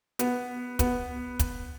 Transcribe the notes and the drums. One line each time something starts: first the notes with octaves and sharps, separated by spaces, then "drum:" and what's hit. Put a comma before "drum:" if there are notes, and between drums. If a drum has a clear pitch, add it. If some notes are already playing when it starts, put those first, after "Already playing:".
B3, drum: hi-hat
B3, drum: kick, hi-hat
drum: kick, hi-hat